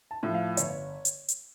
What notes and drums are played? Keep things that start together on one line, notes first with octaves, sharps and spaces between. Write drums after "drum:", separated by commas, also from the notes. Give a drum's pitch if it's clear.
A5
A2 F3
F5
G1 C#5, drum: hi-hat
drum: hi-hat
drum: hi-hat